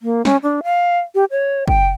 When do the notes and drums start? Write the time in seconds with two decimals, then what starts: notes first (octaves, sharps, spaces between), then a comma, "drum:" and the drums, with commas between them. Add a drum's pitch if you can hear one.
0.02 A#3
0.25 C#4, drum: snare
0.43 D4
0.64 F5
1.15 G4
1.31 C#5
1.68 G5, drum: kick